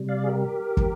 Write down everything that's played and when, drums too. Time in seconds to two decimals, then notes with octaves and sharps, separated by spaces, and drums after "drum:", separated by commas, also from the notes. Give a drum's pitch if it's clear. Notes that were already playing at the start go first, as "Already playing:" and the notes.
Already playing: C3 G3
0.09 D5 F5
0.24 G#4
0.28 G4 A#4
0.77 drum: kick